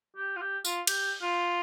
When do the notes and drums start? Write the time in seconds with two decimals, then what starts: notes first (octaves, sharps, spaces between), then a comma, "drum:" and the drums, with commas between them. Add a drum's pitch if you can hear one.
0.17 G4
0.36 F4
0.41 G4
0.65 F4, drum: tambourine
0.87 G4, drum: cymbal
1.22 F4